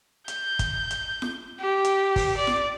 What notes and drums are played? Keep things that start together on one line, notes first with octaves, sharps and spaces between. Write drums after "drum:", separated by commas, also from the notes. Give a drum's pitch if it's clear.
G6, drum: hi-hat
drum: kick, hi-hat
drum: hi-hat
drum: snare
G4
drum: hi-hat
drum: kick, open hi-hat
D5
drum: snare